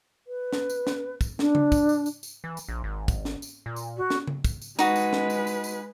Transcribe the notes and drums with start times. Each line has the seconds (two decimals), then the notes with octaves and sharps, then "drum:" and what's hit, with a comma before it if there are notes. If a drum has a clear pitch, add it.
0.27 B4
0.53 drum: snare
0.70 drum: tambourine
0.87 drum: snare
1.21 drum: kick, tambourine
1.39 D4, drum: snare
1.55 drum: tom C#3
1.72 drum: kick, tambourine
1.89 drum: tambourine
2.06 drum: tambourine
2.23 drum: tambourine
2.44 E3
2.57 drum: tambourine
2.68 A#1
2.84 G#1
3.08 drum: kick, tambourine
3.25 drum: snare
3.42 drum: tambourine
3.66 A#2
3.76 drum: tambourine
3.97 F#4
4.10 drum: snare
4.27 drum: tom C#3
4.45 drum: kick, tambourine
4.62 drum: tambourine
4.79 G#3 D#4 F#4 B4, drum: tambourine
4.96 drum: tambourine
5.13 drum: snare
5.30 drum: tambourine
5.47 drum: tambourine
5.64 drum: tambourine